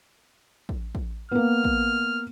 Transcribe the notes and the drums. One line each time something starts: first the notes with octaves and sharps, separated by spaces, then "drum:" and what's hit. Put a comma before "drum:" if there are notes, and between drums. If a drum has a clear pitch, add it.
drum: kick
drum: kick
A#3 B3 F6
drum: kick